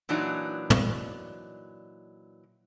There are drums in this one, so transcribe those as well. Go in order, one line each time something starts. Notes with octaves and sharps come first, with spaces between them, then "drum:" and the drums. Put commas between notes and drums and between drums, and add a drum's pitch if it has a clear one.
A#2 E3 F#3 D4 D#4
drum: tom